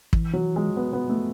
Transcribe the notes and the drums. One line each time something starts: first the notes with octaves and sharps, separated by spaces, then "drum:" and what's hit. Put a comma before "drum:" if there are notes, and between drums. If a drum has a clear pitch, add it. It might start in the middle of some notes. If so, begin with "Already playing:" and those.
E3, drum: kick
F#3
G#3
B3
B3
A3